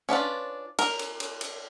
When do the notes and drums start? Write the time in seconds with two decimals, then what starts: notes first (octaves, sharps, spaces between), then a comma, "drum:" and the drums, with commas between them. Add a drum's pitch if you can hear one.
0.09 C#4 D4 F4 B4
0.79 A#4, drum: cymbal
0.99 drum: cymbal
1.20 drum: cymbal
1.41 drum: cymbal